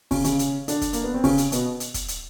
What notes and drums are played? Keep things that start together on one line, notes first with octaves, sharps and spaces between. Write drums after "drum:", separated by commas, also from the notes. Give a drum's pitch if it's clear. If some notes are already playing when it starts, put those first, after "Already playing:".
C#3 C#4, drum: kick, open hi-hat
C#3 C#4, drum: hi-hat
drum: hi-hat
D3 D4, drum: hi-hat
drum: kick, hi-hat
A#3, drum: hi-hat
B3
C4
C#3 C#4, drum: kick, open hi-hat
drum: hi-hat
B2 B3, drum: hi-hat
drum: hi-hat
drum: kick, hi-hat
drum: hi-hat